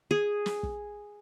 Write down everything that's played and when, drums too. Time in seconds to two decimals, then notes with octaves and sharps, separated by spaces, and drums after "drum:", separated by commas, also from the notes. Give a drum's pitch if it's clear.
0.11 G#4
0.46 drum: snare
0.63 drum: kick